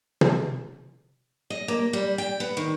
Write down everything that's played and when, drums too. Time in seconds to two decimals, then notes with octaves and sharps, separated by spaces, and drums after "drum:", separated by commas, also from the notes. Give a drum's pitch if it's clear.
0.21 drum: tom
1.50 D#5
1.68 A#3
1.93 G3
2.18 G5
2.40 B3
2.57 D#3